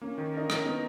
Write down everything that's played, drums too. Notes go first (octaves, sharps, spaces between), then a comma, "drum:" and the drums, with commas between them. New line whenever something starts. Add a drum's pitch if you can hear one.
A#3 C#4
D#3
D#4 A#4
C#4 A#4, drum: rim click
B3 D#4